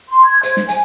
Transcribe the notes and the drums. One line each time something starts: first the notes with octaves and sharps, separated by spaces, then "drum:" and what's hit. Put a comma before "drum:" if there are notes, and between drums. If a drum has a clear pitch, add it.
C6
G#6
C5, drum: hi-hat
drum: snare
G#5, drum: hi-hat